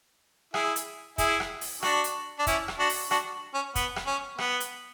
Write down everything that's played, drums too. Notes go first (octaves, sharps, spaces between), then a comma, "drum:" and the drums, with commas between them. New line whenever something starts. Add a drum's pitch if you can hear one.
E4 G#4, drum: rim click
drum: hi-hat
E4 G#4, drum: kick, hi-hat
drum: rim click
drum: open hi-hat
D4 F#4, drum: rim click
drum: hi-hat
D4
C#4 E4, drum: kick, hi-hat
drum: rim click
D4 F#4
drum: open hi-hat
D4 F#4, drum: rim click
C#4
B3, drum: kick, hi-hat
drum: rim click
C#4
B3, drum: rim click
drum: hi-hat